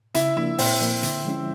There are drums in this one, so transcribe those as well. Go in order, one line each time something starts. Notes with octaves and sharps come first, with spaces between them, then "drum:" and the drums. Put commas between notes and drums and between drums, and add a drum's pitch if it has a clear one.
C#3 E4 E5, drum: hi-hat
F3 A#3 D4 E4 E5
A#2 C4 C5, drum: open hi-hat
F3 A#3
D3, drum: hi-hat
F3 G#3 C#4 E4